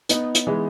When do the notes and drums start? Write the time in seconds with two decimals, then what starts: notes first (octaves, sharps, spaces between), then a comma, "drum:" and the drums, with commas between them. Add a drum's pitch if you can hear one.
0.09 B3 D#4, drum: hi-hat
0.35 drum: hi-hat
0.47 E3 G#3